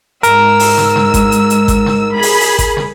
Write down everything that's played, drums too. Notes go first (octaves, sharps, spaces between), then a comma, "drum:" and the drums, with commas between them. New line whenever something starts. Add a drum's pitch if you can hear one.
G#2 A#4 E6, drum: hi-hat
drum: open hi-hat
drum: snare
drum: snare
drum: kick G#1, hi-hat
drum: hi-hat
drum: hi-hat
drum: kick G#1, hi-hat
drum: snare
G#4 B5
drum: open hi-hat
drum: open hi-hat
drum: kick G#1, hi-hat
drum: snare